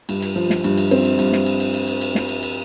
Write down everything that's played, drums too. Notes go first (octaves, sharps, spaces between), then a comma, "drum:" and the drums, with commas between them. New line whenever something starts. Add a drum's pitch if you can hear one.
G2, drum: cymbal
drum: cymbal
F3
drum: snare
G2, drum: cymbal
drum: cymbal
C4, drum: cymbal
drum: cymbal
G2, drum: cymbal
drum: snare
drum: cymbal
drum: cymbal
drum: cymbal
drum: cymbal
drum: cymbal
drum: snare
drum: cymbal
drum: cymbal